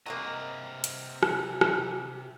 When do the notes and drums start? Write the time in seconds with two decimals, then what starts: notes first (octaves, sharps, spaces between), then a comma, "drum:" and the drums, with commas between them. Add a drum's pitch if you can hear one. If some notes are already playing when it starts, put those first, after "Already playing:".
0.06 C3 F#3 G#3 A#3 D#5
0.84 drum: hi-hat
1.23 drum: rim click
1.61 drum: rim click